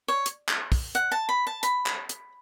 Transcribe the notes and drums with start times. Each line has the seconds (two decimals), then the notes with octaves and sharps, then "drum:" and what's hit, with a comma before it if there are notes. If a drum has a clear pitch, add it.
0.08 C#5
0.26 drum: hi-hat
0.49 drum: clap
0.72 drum: kick, open hi-hat
0.95 F#5, drum: hi-hat
1.12 A5
1.29 B5
1.47 A5
1.63 B5, drum: hi-hat
1.86 drum: clap
2.09 drum: hi-hat